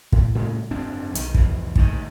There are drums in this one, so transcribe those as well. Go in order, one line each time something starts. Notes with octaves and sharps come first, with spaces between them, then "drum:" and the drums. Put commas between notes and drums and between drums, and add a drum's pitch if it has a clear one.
A2, drum: kick
A2 C#3 G#3
F#1 G#2 C4 D4
B1 D#3, drum: hi-hat
C2 F2 A2 E3, drum: kick
D2 G#2 D#3, drum: kick